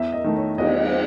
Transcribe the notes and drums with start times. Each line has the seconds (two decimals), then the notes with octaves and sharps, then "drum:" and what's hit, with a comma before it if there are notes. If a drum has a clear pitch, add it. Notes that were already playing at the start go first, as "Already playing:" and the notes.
Already playing: E2 E5
0.13 D#5
0.24 D#3 A3
0.36 C#5
0.58 E2 D#5, drum: cymbal
0.81 drum: cymbal